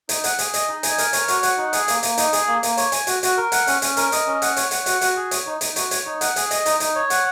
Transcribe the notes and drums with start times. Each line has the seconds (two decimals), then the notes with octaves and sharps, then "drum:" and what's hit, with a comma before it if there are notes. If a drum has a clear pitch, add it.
0.09 D#4, drum: hi-hat
0.24 F#5, drum: hi-hat
0.39 G#4, drum: hi-hat
0.54 D#5, drum: hi-hat
0.68 D#4
0.83 G#5, drum: hi-hat
0.98 A#4, drum: hi-hat
1.13 C#5, drum: hi-hat
1.28 F#4, drum: hi-hat
1.43 F#5, drum: hi-hat
1.58 D#4
1.73 G#4, drum: hi-hat
1.88 A#3, drum: hi-hat
2.03 A#3, drum: hi-hat
2.18 D#4, drum: hi-hat
2.33 G#4, drum: hi-hat
2.47 A#3
2.63 A#3, drum: hi-hat
2.77 C#5, drum: hi-hat
2.92 G#5, drum: hi-hat
3.07 F#4, drum: hi-hat
3.23 F#4, drum: hi-hat
3.37 A#4
3.52 F#5, drum: hi-hat
3.67 C#4, drum: hi-hat
3.82 C#4, drum: hi-hat
3.97 A#4, drum: hi-hat
4.12 D#5, drum: hi-hat
4.26 C#4
4.42 F#5, drum: hi-hat
4.57 C#5, drum: hi-hat
4.71 F#5, drum: hi-hat
4.86 F#4, drum: hi-hat
5.01 F#4, drum: hi-hat
5.16 G#4
5.31 C#5, drum: hi-hat
5.46 D#4
5.61 D#4, drum: hi-hat
5.76 F#4, drum: hi-hat
5.91 C#5, drum: hi-hat
6.06 D#4
6.21 F#5, drum: hi-hat
6.36 G#4, drum: hi-hat
6.51 D#5, drum: hi-hat
6.66 D#4, drum: hi-hat
6.80 D#4, drum: hi-hat
6.95 C#5
7.10 F#5, drum: hi-hat